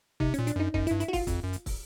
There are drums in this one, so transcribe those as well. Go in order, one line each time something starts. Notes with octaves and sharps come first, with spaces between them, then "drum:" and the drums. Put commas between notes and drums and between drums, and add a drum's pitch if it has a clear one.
C3 D#4, drum: kick
A#2 C#4, drum: hi-hat
D4, drum: hi-hat
F#2 D#4
F#2 D#4, drum: kick
G2 E4, drum: hi-hat
E4, drum: hi-hat
F#4
F4, drum: kick, open hi-hat
F2, drum: kick, hi-hat
F#2
drum: hi-hat
drum: kick, open hi-hat